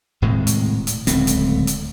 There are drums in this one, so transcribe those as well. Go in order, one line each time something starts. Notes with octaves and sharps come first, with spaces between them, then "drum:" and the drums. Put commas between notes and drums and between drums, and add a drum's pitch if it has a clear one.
D#1 A2 C3 G#3
drum: hi-hat
drum: hi-hat
D1 C#2 A3 C4, drum: hi-hat
drum: hi-hat
drum: hi-hat